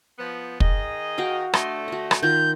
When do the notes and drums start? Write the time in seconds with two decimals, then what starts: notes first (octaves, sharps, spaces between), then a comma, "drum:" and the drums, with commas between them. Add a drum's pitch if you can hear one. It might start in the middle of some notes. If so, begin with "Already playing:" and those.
0.19 F3 B3
0.60 D#3 G#4 D#5, drum: kick
1.18 F#4 F5 G5
1.53 D3 A3 D#5 C6, drum: rim click
1.88 F#4 D#5
2.11 drum: rim click
2.22 D#3 F4 G6